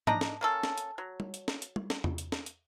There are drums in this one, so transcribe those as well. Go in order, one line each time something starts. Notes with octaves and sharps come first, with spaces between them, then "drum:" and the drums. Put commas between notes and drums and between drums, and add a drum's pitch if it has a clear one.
D4 D#4 D#5 A#5, drum: tom
drum: snare
A#3 C#4 A4
drum: snare
drum: hi-hat
F#3
drum: tom G3
drum: hi-hat
drum: snare
drum: hi-hat
drum: tom G3
drum: snare
drum: tom E2
drum: hi-hat
drum: snare
drum: hi-hat